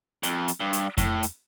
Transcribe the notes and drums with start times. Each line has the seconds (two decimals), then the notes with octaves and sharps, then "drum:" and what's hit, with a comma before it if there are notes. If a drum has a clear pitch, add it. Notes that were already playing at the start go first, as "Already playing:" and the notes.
0.23 F2, drum: hi-hat
0.48 drum: hi-hat
0.60 G2
0.73 drum: hi-hat
0.98 A2, drum: kick F2, hi-hat
1.23 drum: hi-hat